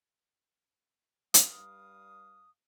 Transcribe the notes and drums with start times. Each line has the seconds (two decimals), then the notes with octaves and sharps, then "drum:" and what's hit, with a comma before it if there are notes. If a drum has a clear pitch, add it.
1.34 G2 G3 F5 D#6, drum: hi-hat